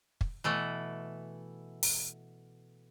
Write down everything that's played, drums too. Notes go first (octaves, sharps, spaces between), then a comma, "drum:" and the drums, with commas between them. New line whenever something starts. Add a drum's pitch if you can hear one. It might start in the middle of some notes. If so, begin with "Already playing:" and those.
drum: kick
B2 E3 A3
drum: open hi-hat